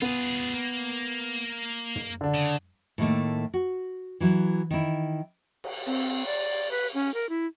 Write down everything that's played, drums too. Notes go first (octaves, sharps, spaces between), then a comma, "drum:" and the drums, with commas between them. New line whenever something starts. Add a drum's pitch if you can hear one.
B3 F4 G#4
A#3
drum: tom
D3 D4
C#3
A2 D3 D#3 G3 A3 A#3
F#4
E3 F#3 E4
D#3 E4
drum: cymbal
C4, drum: cymbal
D5
B4
C#4
A#4
E4